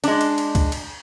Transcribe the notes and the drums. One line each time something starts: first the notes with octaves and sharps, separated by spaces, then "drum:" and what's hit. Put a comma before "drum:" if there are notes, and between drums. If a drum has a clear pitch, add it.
G#3 D4, drum: cymbal
drum: cymbal
drum: cymbal
drum: kick C#2, cymbal
drum: cymbal